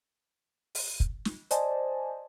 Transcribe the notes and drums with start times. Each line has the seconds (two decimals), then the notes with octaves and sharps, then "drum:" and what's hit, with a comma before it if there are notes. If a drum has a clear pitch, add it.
0.75 drum: open hi-hat
1.00 drum: kick
1.25 drum: snare
1.51 C5 D5 D#5 G#5 A5, drum: hi-hat